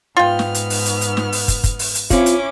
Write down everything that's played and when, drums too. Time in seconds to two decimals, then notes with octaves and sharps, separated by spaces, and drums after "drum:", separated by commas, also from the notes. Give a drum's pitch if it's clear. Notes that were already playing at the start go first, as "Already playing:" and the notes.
0.17 G#2 B3 F4 G5 F6
0.39 drum: snare
0.55 drum: hi-hat
0.70 drum: open hi-hat
0.86 drum: hi-hat
1.01 drum: hi-hat
1.17 drum: snare
1.32 drum: open hi-hat
1.48 drum: kick, hi-hat
1.64 drum: kick, hi-hat
1.79 drum: open hi-hat
1.95 drum: hi-hat
2.10 C4 C#4 E4 F4 D6, drum: kick, hi-hat
2.26 drum: hi-hat